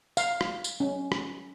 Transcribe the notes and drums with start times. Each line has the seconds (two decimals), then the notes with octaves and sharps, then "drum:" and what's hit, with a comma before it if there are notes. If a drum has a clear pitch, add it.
0.17 F5, drum: tambourine
0.41 drum: rim click
0.64 drum: tambourine
0.80 C#4
1.12 drum: rim click